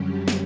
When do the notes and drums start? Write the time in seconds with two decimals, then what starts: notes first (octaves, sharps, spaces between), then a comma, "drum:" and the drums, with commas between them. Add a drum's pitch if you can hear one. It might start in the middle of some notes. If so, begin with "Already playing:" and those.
Already playing: F#2 D3 F#3 G3 C#4 G4
0.28 drum: snare